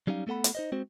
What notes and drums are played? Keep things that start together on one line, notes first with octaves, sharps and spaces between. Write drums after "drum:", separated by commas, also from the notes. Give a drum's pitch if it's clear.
F#3 G3 C#4 D#4 F5
A3 B3 A4 F#5 B5
drum: hi-hat
D#4 C5 D#5
G#3 C4 F#4 C5